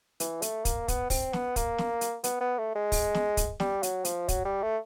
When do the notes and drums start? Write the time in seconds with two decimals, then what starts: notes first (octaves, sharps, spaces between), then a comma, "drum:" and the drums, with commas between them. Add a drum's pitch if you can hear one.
0.20 E3, drum: hi-hat
0.42 A3, drum: hi-hat
0.65 A#3, drum: kick, hi-hat
0.88 B3, drum: kick, hi-hat
1.10 C4, drum: kick, open hi-hat
1.33 B3, drum: snare
1.56 A#3, drum: kick, hi-hat
1.78 drum: snare
2.01 drum: hi-hat
2.24 B3, drum: hi-hat
2.41 B3
2.58 A3
2.75 G#3
2.92 drum: kick, open hi-hat
3.14 drum: snare
3.37 drum: kick, hi-hat
3.60 G3, drum: snare
3.83 F#3, drum: hi-hat
4.05 F3, drum: hi-hat
4.28 F#3, drum: kick, hi-hat
4.45 G3
4.62 A3